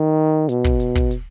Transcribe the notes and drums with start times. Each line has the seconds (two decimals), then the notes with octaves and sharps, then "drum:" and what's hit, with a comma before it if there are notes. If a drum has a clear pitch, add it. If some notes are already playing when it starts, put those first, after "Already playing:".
Already playing: D#3
0.49 B2, drum: hi-hat
0.64 drum: kick
0.80 drum: hi-hat
0.95 drum: kick, hi-hat
1.11 drum: hi-hat